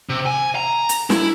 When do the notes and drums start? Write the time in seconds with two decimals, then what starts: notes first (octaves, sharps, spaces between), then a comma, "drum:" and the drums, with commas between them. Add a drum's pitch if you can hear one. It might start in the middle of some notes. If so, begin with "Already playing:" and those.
0.09 C3
0.26 G#5
0.55 A#5
0.89 drum: hi-hat
1.10 E4, drum: snare